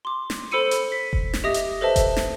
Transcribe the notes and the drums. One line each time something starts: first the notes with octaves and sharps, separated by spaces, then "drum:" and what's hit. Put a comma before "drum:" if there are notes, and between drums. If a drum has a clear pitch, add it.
C6 D6
drum: snare
A4 C5 B5 E6 C#7 D#7
drum: hi-hat
B6
drum: kick F1
drum: snare
G4 D#5 E5 D#6 A#6
drum: hi-hat
A4 B4 C5 D#5 E5 A5
drum: kick F1, hi-hat
drum: snare